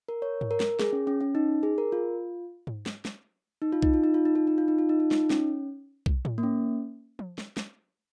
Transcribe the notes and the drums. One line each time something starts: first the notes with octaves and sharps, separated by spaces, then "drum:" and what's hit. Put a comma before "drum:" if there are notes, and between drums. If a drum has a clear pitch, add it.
A#4
C#5
drum: tom G#2
A#4
drum: snare
G#4, drum: snare
C#4
C#4
C#4
D#4
G#4
A#4
F4
drum: tom G#2
drum: snare
drum: snare
D#4
F4
D#4, drum: kick
F4
D#4
F4
D#4
F4
D#4
F4
D#4
F4
D#4
F4
D#4, drum: snare
C#4, drum: snare
drum: kick
drum: tom A2
A#3
C#4
drum: tom F3
drum: snare
drum: snare